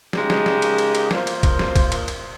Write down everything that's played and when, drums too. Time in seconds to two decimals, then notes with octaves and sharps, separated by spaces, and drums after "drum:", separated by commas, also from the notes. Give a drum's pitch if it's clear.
0.13 C#3 G#3 D#4 G4, drum: snare
0.30 drum: snare
0.46 drum: snare
0.62 drum: cymbal
0.78 drum: cymbal
0.95 drum: cymbal
1.11 A#3 F4 C5, drum: snare
1.27 drum: cymbal
1.43 drum: kick, cymbal
1.59 drum: snare
1.76 drum: kick, cymbal
1.92 drum: cymbal
2.08 drum: cymbal